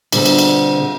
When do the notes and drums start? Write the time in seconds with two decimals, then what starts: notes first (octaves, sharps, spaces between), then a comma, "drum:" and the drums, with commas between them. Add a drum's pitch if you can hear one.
0.12 B2 D3 G3 C4 G#4 F#5, drum: cymbal
0.25 drum: cymbal
0.39 drum: cymbal